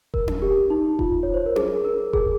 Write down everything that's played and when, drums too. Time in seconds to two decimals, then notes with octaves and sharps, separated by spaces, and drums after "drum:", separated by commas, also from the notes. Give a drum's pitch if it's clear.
0.14 A#4, drum: kick E1
0.28 drum: tom C#4
0.42 G4
0.70 D#4
0.99 F4, drum: kick E1
1.23 C#5
1.34 C5
1.46 A#4
1.56 G#4, drum: tom C#4
1.85 A#4
2.13 G#4, drum: kick E1